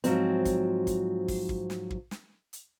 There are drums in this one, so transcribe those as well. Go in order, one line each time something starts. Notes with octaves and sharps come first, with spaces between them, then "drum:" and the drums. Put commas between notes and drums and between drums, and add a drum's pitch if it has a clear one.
G#2 F3 F#3 C4, drum: hi-hat
drum: kick, hi-hat
drum: kick, hi-hat
drum: kick, open hi-hat
drum: kick
drum: snare
drum: kick
drum: snare
drum: hi-hat